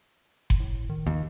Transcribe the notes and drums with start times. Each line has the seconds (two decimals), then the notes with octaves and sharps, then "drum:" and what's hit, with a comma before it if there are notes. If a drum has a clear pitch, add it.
0.50 drum: kick F#1
0.60 A2
0.89 D#3
1.07 D#2